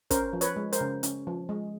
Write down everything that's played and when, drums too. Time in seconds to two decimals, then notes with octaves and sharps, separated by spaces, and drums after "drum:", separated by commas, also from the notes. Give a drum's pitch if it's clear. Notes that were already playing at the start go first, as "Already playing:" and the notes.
0.11 C#4 A#4 C5, drum: kick, hi-hat
0.33 F3
0.41 B4 C#5, drum: hi-hat
0.56 G#3
0.73 A#4 C5, drum: hi-hat
0.81 C#3
1.03 C#4, drum: hi-hat
1.27 F3
1.49 G#3